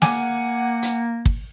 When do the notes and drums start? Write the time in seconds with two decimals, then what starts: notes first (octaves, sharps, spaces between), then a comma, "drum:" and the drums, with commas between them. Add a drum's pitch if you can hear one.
0.02 A#3 F#5 G#5 D6, drum: snare
0.82 drum: hi-hat
1.26 drum: kick